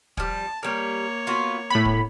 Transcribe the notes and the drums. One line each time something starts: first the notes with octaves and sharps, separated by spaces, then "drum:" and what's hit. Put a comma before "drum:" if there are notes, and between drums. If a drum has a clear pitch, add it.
F3 G3 A5, drum: kick
G3 A#3 A#4 C#5
B3 F4 F#4
A2 B3 B5
drum: kick